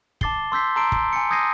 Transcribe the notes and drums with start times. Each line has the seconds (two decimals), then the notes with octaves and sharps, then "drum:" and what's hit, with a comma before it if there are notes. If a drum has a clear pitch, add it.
0.21 A5 D6 A6 C7 G7, drum: kick
0.52 C6 E6 G6 B6 C7
0.76 A5 A#5 C6 E6 C7 D7
0.92 drum: kick
1.13 G#5 C#7
1.30 D#6 G6 G#6 A#6 C7 D#7